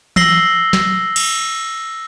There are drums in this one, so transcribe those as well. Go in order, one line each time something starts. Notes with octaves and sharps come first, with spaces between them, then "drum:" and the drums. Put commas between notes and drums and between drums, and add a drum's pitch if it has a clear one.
E6 A#6 C7 F#7 G7, drum: tom E3
drum: snare
drum: cymbal